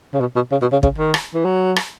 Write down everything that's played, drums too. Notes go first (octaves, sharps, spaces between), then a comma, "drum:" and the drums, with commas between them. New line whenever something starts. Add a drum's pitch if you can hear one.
C#3
B2
B2
C#3
B2
C#3
C#3, drum: kick
D#3
drum: rim click
E3
F#3
drum: rim click